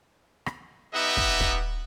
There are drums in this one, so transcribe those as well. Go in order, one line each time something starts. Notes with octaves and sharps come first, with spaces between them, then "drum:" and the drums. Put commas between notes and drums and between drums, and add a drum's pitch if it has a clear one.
drum: rim click
B3 D#4 G4 D#5 E5 F#5
drum: kick
drum: kick